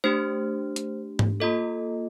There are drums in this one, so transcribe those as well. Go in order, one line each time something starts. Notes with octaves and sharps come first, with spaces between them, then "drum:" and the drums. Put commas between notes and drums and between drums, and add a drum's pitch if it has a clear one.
A3 D4 G4 C5
drum: hi-hat
drum: tom G#2
A#3 F4 A4 D#5